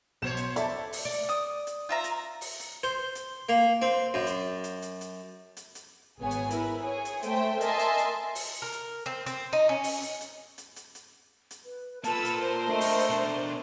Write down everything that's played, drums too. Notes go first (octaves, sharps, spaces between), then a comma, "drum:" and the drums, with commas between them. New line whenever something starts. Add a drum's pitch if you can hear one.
B1 B3 C5 C#5 E7
drum: hi-hat
A4 D5 E5 A5, drum: hi-hat
drum: open hi-hat
D5
D#6, drum: hi-hat
drum: hi-hat
F4 E5 A#5
drum: hi-hat
drum: open hi-hat
drum: hi-hat
C5
drum: hi-hat
A#3
C4
F#2
drum: hi-hat
drum: hi-hat
drum: hi-hat
drum: hi-hat
drum: hi-hat
drum: hi-hat
G#1 B3 G#4 C#5 G#5
drum: hi-hat
E4 A#4 B4, drum: hi-hat
G#4 C#5 G#5
drum: hi-hat
A3 C5 E5 G5, drum: hi-hat
A#4 D#5 E5 G#5 A5 C6, drum: hi-hat
drum: hi-hat
drum: hi-hat
drum: open hi-hat
A#4
drum: hi-hat
C4
C4, drum: hi-hat
D#4
C#4
drum: open hi-hat
drum: hi-hat
drum: hi-hat
drum: hi-hat
drum: hi-hat
drum: hi-hat
drum: hi-hat
B4
A#3 F4 A4 B4 A5 E6, drum: hi-hat
drum: hi-hat
A#4 C5
A3 D4 D#5
drum: open hi-hat
drum: hi-hat
B2 D4